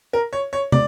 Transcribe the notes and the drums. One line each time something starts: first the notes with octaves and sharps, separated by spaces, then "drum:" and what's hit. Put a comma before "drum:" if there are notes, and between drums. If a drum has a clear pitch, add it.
A#4
C#5
C#5
D5, drum: tom